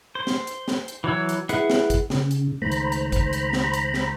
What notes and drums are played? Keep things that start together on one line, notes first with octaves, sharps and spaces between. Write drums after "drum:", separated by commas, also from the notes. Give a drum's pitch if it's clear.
C5
drum: snare
drum: hi-hat
drum: snare
drum: hi-hat
E3 F#3 C#5 E6
drum: hi-hat
E4 G#4 B4 E5 F#5, drum: hi-hat
drum: snare
drum: kick, hi-hat
C#3, drum: snare
drum: hi-hat
C#2 D#3 A3 C5 A#5 B5
drum: hi-hat
drum: hi-hat
drum: kick, hi-hat
drum: hi-hat
drum: snare
drum: hi-hat
drum: snare